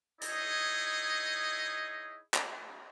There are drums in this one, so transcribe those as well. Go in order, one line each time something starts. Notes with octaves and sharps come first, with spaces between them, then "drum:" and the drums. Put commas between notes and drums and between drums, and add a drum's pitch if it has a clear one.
D#4 E4 G#4 C#5 D#5, drum: hi-hat
drum: clap